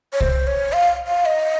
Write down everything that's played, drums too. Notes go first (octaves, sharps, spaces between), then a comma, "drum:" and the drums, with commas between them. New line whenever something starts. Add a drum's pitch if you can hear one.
C#5
C5, drum: kick C2
C#5
F5
F5
D#5